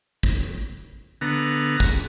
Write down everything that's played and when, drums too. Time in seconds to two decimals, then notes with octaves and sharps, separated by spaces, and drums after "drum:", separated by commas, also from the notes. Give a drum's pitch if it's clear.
0.23 drum: kick
1.21 D3 B3 A#5
1.80 drum: kick